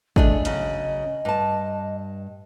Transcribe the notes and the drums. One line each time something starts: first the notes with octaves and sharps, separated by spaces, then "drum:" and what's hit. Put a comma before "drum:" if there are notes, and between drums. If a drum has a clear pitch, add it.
A3 D4 G#4 D#5, drum: kick
C#3 F#3, drum: hi-hat
G2 A5